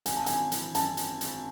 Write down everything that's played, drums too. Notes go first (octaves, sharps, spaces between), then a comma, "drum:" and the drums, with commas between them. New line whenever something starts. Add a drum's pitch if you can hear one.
G#1 G#5, drum: hi-hat
A5
G#1 G#5, drum: hi-hat
E3, drum: hi-hat
F#2 A5, drum: hi-hat
G#1, drum: hi-hat
G#1, drum: hi-hat